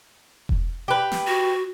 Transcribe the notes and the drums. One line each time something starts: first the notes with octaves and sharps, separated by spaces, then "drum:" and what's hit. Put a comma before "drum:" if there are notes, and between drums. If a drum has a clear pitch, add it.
drum: kick E1
G4 B4
drum: snare
F#4